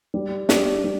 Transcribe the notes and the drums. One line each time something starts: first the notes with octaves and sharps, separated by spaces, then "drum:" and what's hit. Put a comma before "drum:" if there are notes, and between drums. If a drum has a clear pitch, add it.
G3
D4 G4, drum: snare
G3